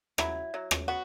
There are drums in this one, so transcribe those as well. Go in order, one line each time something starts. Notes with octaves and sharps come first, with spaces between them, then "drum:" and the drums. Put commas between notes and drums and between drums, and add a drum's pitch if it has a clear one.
F#3 E4, drum: rim click
F#3
drum: rim click
B3 F#4